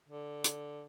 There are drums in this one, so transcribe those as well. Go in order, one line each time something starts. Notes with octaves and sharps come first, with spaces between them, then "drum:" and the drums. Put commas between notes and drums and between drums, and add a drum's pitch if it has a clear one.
D3
drum: hi-hat